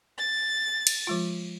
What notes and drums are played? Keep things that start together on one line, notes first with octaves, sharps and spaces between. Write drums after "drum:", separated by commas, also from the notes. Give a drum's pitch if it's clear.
A6
drum: cymbal
F3 G#3 F4